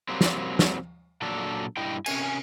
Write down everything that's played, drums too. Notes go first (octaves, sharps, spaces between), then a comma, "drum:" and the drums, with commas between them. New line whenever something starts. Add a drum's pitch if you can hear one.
F#3 G3 A#3 C4
drum: snare
drum: snare
A#2 F#3 D4 A4
G2 E4 D#5 G5
C3 C#4 G#5, drum: cymbal